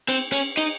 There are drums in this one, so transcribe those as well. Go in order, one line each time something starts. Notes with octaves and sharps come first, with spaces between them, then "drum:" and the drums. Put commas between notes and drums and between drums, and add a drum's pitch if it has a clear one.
C4, drum: cymbal
C#4, drum: cymbal
D#4, drum: cymbal